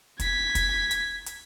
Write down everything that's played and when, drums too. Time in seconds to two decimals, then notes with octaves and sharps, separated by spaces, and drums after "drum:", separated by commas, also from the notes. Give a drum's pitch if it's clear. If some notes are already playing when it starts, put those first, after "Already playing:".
0.19 G#6 B6, drum: kick, hi-hat
0.55 drum: kick, hi-hat
0.91 drum: hi-hat
1.26 drum: hi-hat